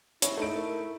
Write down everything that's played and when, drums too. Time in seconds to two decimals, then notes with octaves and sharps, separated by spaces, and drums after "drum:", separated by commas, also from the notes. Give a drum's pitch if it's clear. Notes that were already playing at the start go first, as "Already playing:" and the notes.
0.22 E4 C#5, drum: hi-hat
0.37 A3 D#4 E4 D7
0.55 A#4